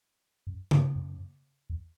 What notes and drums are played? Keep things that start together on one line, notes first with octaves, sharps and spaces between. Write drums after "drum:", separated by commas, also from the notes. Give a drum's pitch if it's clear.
F#2
G2, drum: tom C#3
F#2
E2